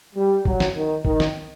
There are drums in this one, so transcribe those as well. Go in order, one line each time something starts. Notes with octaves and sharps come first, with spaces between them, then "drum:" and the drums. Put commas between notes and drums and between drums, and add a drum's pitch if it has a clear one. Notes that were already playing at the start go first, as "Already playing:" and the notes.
G3
F#3, drum: kick
drum: snare
D#3
D#3, drum: kick
drum: snare